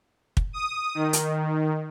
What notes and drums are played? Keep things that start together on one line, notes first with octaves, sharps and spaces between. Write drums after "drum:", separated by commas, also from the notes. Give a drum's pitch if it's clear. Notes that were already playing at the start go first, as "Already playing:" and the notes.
drum: kick
D#6
D#3
drum: hi-hat